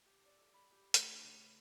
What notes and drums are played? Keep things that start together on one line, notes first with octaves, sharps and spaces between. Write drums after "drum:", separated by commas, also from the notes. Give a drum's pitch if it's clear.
G4
D5
A4
B5
G4
A3, drum: hi-hat
D4
C#3
B4